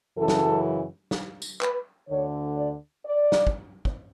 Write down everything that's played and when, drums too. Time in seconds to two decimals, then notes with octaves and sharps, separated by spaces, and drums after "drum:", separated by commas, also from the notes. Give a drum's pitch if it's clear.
0.17 F#2 C#3 E3 A4
0.28 drum: snare
1.11 drum: snare
1.42 drum: tambourine
1.61 B4, drum: clap
2.08 D2 D3 C#5
2.57 D5
3.05 D5
3.32 drum: snare
3.47 drum: kick
3.85 drum: kick